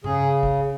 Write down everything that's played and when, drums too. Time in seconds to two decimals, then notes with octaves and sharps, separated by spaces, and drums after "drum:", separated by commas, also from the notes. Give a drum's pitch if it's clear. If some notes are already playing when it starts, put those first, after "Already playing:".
0.04 C#3 G#4, drum: tom G2
0.43 drum: kick